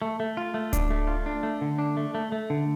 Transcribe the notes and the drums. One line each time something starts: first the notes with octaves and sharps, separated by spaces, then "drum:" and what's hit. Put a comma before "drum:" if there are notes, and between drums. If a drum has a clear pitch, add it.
A3
A3
F4
A3
D4, drum: kick D1, hi-hat
A3
F4
D4
A3
D3
D4
A3
A3
A3
D3